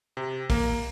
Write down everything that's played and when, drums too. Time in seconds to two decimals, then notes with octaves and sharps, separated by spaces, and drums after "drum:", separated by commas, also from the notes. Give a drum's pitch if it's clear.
0.17 C3
0.50 A#3, drum: kick, open hi-hat